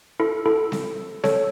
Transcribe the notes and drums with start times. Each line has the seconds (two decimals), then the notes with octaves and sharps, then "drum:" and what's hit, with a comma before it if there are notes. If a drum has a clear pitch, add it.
0.20 E4 A4
0.46 E4 A4
0.72 drum: snare C4
1.24 A4 C#5, drum: snare C4